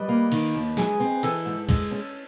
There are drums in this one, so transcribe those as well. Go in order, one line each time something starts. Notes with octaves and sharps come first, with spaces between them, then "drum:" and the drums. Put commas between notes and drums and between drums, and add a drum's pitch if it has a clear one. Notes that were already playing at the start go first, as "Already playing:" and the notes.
Already playing: G3 B4 D#5
A#3
D#3, drum: cymbal
D#2
G#3 G#4, drum: snare
C4
E3 A4, drum: cymbal
G#2
G#3, drum: kick, cymbal
C#4